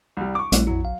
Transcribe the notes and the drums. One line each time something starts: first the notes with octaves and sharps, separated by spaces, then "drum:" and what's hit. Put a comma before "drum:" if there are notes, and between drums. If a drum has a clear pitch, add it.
C2 G3
C#6 D6
A#1 G3 A3 E4, drum: hi-hat
F2 F#3 E4
F5